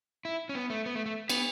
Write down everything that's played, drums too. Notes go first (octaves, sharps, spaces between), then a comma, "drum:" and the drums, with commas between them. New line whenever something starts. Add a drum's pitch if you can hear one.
E4
C#4
B3
A3
B3
A3
A3
B3, drum: cymbal